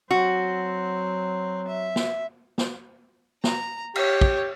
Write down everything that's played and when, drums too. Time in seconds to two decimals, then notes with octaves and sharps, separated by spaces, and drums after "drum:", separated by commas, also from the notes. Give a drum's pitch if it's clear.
0.11 F#3 C4 F#4
1.67 E5
1.96 drum: snare
2.58 drum: snare
3.44 A#5, drum: snare
3.95 G4 C#5, drum: cymbal
4.21 drum: kick